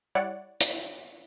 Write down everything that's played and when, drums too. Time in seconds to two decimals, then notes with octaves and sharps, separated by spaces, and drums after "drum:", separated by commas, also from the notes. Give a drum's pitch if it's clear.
0.15 G3 E4 C#5 D5 F#5
0.61 drum: hi-hat